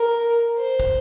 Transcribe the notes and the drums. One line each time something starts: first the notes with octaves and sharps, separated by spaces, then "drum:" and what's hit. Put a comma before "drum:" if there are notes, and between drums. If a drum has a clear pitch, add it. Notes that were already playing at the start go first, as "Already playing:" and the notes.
Already playing: A#4
C5
drum: kick